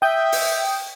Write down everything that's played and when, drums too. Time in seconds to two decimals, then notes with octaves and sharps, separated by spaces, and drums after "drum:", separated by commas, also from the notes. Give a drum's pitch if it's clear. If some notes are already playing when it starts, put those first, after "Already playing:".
0.02 E5 G5 D#6 G6
0.32 drum: open hi-hat